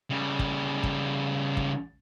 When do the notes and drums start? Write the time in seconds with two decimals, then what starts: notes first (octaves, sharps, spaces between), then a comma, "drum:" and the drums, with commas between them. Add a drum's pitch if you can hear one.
0.10 C#3 G3
0.39 drum: kick
0.83 drum: kick
1.57 drum: kick